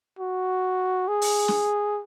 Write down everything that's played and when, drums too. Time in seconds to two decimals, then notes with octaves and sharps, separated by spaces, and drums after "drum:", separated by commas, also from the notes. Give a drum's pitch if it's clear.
0.19 F#4
1.08 G#4
1.22 drum: open hi-hat
1.48 drum: snare